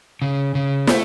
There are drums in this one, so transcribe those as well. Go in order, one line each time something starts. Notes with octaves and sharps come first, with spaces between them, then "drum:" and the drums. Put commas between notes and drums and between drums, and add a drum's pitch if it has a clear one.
C#3
C#3
A3, drum: snare